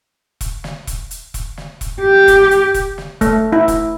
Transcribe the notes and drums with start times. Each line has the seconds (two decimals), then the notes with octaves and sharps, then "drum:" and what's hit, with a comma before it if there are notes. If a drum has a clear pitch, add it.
0.41 drum: kick E1, hi-hat
0.64 drum: snare
0.87 drum: kick E1, hi-hat
1.11 drum: hi-hat
1.34 drum: kick E1, hi-hat
1.57 drum: snare
1.81 drum: kick E1, hi-hat
2.01 G4
2.28 drum: kick E1, hi-hat
2.51 drum: hi-hat
2.74 drum: kick E1, hi-hat
2.98 drum: snare
3.21 A3, drum: kick E1, hi-hat
3.53 E4
3.68 drum: kick E1, hi-hat